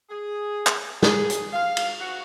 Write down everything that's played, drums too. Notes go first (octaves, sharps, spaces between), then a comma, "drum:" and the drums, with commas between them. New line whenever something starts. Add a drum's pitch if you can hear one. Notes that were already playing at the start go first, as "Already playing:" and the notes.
G#4
drum: clap
G#4, drum: snare
drum: hi-hat
F5
drum: cymbal
F#4